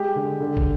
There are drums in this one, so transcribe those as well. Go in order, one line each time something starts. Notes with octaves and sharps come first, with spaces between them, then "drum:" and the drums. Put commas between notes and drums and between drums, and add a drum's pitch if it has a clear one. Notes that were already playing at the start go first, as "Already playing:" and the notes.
Already playing: G#3 G4
D3
D3
drum: kick